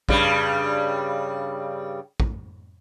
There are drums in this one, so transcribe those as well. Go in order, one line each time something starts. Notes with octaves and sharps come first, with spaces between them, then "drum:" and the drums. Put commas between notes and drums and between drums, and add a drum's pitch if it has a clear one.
G2 C#3 G3, drum: kick
drum: kick